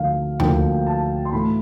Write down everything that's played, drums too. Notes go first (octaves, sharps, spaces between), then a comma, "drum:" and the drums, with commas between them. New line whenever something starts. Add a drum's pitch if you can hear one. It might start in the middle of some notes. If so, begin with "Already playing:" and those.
Already playing: D2 D3 F3 A#3 F5
D2 D3 F3 A#3 G5, drum: tom D#2
A5
C6
A2 E3 A3 B5